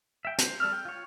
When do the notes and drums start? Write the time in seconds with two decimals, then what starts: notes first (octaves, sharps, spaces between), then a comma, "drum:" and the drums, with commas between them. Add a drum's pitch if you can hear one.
0.25 E5 G5
0.38 C5, drum: hi-hat
0.60 G3 A4 D5 E6 F6
0.73 G5
0.85 F4 C#5